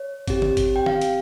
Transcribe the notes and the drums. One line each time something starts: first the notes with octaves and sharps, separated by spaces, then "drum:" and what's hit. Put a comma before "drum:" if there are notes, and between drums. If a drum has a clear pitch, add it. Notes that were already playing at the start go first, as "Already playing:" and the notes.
Already playing: C#5
C4 G4, drum: kick G#1, hi-hat
drum: tom D3
drum: kick G#1, hi-hat
G5
F5, drum: tom D#3
drum: hi-hat